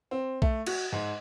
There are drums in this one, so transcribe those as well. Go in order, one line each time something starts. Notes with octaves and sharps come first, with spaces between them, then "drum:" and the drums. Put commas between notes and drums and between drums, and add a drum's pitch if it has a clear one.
C4
A3, drum: kick B1
F#4, drum: cymbal
G#2